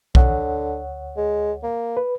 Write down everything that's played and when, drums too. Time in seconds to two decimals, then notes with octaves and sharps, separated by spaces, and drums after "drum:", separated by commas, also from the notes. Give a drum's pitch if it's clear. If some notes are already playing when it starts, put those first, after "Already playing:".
0.15 D2 D3 C#5 F#5, drum: kick B1
1.17 G#3
1.63 A#3
1.97 B4